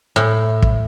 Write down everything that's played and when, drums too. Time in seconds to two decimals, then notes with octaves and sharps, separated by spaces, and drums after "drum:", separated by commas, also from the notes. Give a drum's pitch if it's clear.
0.16 A2
0.62 drum: kick